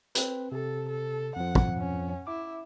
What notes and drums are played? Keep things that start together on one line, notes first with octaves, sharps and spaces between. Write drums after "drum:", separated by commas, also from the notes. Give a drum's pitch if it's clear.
C4 B4, drum: hi-hat
C3 A4
A4
F2 F3 F#5
drum: kick
C#4
E4 D6